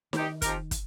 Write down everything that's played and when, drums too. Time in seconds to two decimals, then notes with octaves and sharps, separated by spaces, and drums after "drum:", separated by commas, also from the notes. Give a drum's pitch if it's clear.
0.13 C3 D#3 G3 D#4 G4, drum: snare D#4
0.42 F3 C4 D#4 G4 A#4, drum: kick, hi-hat
0.71 drum: kick, hi-hat